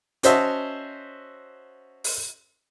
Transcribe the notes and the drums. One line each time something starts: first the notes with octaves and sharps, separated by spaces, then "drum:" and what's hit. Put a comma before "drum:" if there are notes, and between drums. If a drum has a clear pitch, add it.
C#4 F#4 C5 D#5 E5 A5, drum: hi-hat
drum: open hi-hat